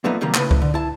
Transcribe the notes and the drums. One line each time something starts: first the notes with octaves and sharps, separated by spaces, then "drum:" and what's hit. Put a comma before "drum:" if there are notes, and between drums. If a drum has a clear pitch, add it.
F#2 A#2 F3 A3 B3 D#4
C3 D#3 F#3 G3 A#3
A2 C#3 B4, drum: clap
drum: kick C#2
D3
E4 A5